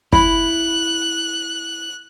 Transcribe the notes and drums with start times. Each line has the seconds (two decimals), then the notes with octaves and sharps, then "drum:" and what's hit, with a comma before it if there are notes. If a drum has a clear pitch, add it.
0.13 E4 B5 F#6, drum: kick